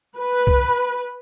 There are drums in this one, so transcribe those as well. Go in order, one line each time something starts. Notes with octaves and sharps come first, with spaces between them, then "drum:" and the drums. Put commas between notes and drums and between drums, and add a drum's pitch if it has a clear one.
B4
drum: kick C2